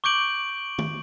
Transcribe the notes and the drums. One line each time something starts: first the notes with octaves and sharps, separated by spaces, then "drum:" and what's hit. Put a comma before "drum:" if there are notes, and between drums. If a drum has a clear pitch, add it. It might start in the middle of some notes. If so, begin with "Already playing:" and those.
C#6 D6 G6 D7 F#7
drum: tom D#3